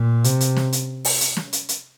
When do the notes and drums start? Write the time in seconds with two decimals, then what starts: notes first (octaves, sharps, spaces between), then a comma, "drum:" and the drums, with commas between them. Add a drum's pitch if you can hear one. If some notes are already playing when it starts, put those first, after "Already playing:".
Already playing: A#2
0.24 C3, drum: hi-hat
0.40 drum: hi-hat
0.57 drum: snare
0.73 drum: hi-hat
1.05 drum: open hi-hat
1.21 drum: hi-hat
1.37 drum: snare
1.53 drum: hi-hat
1.69 drum: hi-hat